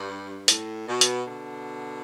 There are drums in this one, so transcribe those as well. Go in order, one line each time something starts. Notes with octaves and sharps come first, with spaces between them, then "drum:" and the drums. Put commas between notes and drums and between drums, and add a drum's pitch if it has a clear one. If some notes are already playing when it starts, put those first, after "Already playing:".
Already playing: G2
A2, drum: hi-hat
B2
drum: hi-hat
B2 D3